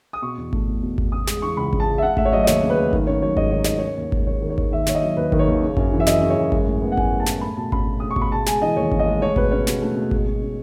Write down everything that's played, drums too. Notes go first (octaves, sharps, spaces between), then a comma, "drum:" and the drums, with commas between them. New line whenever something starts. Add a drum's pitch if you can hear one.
D#6
B2 C#6
E2
A3, drum: kick G#1
E2
B2
E2, drum: kick G#1
C#3 D#6
G#3 D#6, drum: snare
E3 C#6
C#2 B5
C#3, drum: kick G#1
A5
G#3
E5
C#3 F#5
A3 E5, drum: kick G#1
C#5
F#3 D#5
D#5
D#2 C#5, drum: snare
C#3
B4
A3
D#3, drum: kick G#1
C#4 C#5
F#3 C#5
G#2 D#5, drum: kick G#1
D#3 C#5
C#4 D#5, drum: snare
D#3 C#5
D#2
G#3, drum: kick G#1
D#2 C#5
D#3
C#5
D#2, drum: kick G#1
D#3 E5
D#2 C#5, drum: snare
D#5
F#3
D#2 B4
D#3, drum: kick G#1
C#5
D#2
C#3
F#2, drum: kick G#1
E3
E5
F#2 D#5, drum: snare
C#3
C#5
F#2
G#3, drum: kick G#1
A2
B3
F#5
A2 G#5, drum: kick G#1
G#3
A5
A2, drum: snare
A3 B5
B2 A5
C#4 B5, drum: kick G#1
B2
A3 D#6
C#6
B2, drum: kick G#1
B5
C#3 A5
G#3 G#5, drum: snare
E3 D#5
D#2 C#5
C#3, drum: kick G#1
D#5
G#3
A3 C#5
B2 B4, drum: kick G#1
C#4 C#5
B2, drum: snare
A3
B2
G#3, drum: kick G#1
B2
C#4